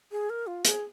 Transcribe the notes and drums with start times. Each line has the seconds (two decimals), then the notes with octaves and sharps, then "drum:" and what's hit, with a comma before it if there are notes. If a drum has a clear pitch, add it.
0.12 G#4
0.30 A#4
0.47 F4
0.65 G#4, drum: hi-hat